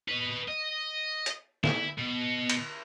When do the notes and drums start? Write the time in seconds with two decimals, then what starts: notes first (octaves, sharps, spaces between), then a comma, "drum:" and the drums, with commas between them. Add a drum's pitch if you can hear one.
0.08 B4 D#5
0.48 D#5
1.26 drum: hi-hat
1.64 E4, drum: snare
1.98 B2
2.50 drum: cymbal